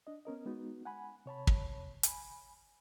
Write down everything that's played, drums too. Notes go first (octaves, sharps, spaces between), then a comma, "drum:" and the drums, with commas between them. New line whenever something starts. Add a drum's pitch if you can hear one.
D4 D#5
B3 C#4 A#4 D#5
G#3 B3 D#4 F#4
F#5 G#5 B5
C3 C#5 A5 B5
drum: kick
G#5 B5, drum: hi-hat